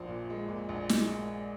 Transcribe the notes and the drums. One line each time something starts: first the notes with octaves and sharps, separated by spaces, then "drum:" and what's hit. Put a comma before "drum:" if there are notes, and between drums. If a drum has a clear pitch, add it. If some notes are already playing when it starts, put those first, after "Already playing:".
Already playing: A#1 F3
A#2
G#3
A#2
A#1
G#3, drum: snare